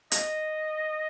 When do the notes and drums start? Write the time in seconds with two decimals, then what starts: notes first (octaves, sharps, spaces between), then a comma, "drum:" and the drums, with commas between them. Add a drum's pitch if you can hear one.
0.12 D#5, drum: hi-hat